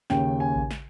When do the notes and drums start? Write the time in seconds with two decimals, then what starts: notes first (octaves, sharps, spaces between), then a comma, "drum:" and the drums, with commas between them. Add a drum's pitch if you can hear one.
0.10 D#2 C#3 G5, drum: snare
0.40 G#5
0.55 drum: kick A1
0.71 drum: snare